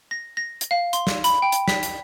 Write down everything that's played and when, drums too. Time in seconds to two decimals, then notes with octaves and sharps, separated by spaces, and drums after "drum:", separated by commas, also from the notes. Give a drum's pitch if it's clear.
0.11 A#6
0.37 A#6
0.61 drum: hi-hat
0.71 F5
0.93 C6, drum: hi-hat
1.07 drum: snare
1.24 B5, drum: hi-hat
1.42 G5
1.52 drum: hi-hat
1.68 B6, drum: snare
1.83 drum: hi-hat